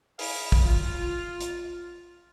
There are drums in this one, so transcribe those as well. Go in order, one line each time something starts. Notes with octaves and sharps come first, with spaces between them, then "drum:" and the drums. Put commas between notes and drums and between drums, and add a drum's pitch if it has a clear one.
E4 G#4 F5, drum: open hi-hat
drum: kick
F4
drum: hi-hat